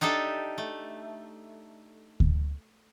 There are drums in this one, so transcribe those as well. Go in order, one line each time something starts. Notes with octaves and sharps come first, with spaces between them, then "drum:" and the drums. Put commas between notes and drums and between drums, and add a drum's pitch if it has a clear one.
D4 D#4 G4 A4 E5
A3
drum: kick D2